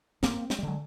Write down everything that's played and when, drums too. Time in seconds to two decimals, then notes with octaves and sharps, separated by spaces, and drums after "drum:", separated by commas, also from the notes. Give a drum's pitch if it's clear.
0.23 G2 A#3 C4, drum: snare
0.50 G#3, drum: snare
0.59 G3
0.63 D3 F#3 G#3